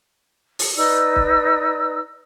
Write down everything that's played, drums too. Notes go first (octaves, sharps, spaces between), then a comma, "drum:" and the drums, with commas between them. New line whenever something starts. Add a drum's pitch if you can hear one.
drum: open hi-hat
D#4 B4 D5 E6
drum: kick